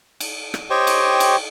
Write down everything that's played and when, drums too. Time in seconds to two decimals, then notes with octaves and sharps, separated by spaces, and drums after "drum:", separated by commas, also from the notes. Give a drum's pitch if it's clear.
0.20 drum: cymbal
0.54 drum: rim click
0.70 G4 C5 C#5 D#5 G5 C#6
0.87 drum: cymbal
1.20 drum: cymbal